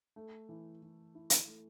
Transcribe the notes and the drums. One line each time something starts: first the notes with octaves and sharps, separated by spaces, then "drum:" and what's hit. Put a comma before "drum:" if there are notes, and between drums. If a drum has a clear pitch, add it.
A3
E3
E3
E4
drum: hi-hat
A3